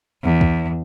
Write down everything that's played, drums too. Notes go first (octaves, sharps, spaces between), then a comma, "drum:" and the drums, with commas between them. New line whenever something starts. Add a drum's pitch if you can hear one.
E2
drum: kick